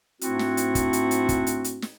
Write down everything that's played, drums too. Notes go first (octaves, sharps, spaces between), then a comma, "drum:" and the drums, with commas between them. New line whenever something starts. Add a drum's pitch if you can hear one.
G#2 A3 C4 D4 E4 F#4, drum: hi-hat
drum: snare
drum: hi-hat
drum: kick, hi-hat
drum: hi-hat
drum: hi-hat
drum: kick, hi-hat
drum: hi-hat
drum: hi-hat
drum: snare